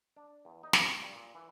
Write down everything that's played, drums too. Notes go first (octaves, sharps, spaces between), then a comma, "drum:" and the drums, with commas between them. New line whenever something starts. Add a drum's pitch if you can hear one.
D4
E2
D#4
drum: snare
C#4
G2
A#2
E3